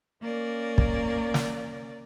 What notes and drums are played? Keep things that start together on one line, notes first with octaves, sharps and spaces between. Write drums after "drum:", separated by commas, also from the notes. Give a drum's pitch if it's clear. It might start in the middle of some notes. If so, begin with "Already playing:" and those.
A#3 C#4 A#4 D5
drum: kick
drum: snare